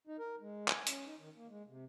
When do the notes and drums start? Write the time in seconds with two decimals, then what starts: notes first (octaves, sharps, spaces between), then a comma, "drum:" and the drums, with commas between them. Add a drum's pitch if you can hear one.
0.07 D#4
0.19 A#4
0.41 G#3
0.68 G#5, drum: clap
0.87 C#4, drum: hi-hat
1.05 D#4
1.19 D#3
1.36 A#3
1.49 G#3
1.68 C3